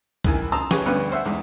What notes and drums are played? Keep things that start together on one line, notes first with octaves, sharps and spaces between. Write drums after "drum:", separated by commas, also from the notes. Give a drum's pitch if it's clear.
A#1 D#3 E3 G#5, drum: kick C2, hi-hat
A5 A#5 C6 D#6 E6
C#4 F4 G4 G#4 B4 C#5, drum: snare
D2 G2 B3 C#4 B4 C#6
C5 E5 F#5
E2 G#2